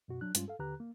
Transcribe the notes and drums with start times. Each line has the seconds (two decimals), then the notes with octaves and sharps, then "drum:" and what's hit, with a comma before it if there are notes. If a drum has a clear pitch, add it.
0.08 F#2 B2 F#4
0.21 F#3 D4 F#6
0.35 G2 G3 G#3 C#4 F4, drum: hi-hat
0.48 A4 F5
0.59 D#2 D3 G4 B4 A#5 F#6
0.80 A#3